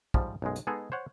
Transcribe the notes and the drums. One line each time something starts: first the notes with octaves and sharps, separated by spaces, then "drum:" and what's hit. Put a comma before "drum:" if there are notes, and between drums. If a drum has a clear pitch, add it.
G#2 F3 G3, drum: kick
B1 F#2 G#3
drum: hi-hat
G#3 B3 D#4 G#4 A4
C5 C#5 F#5